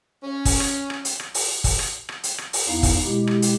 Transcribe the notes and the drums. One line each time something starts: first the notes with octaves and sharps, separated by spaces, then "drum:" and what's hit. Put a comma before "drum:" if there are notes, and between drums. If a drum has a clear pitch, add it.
C#4
drum: kick, open hi-hat
drum: rim click
drum: rim click
drum: hi-hat
drum: rim click
drum: open hi-hat
drum: kick, open hi-hat
drum: rim click
drum: rim click
drum: hi-hat
drum: rim click
drum: open hi-hat
E2 B3 D#4 E4 F5
drum: kick, open hi-hat
B2 G#3 E4 G4
drum: rim click
drum: hi-hat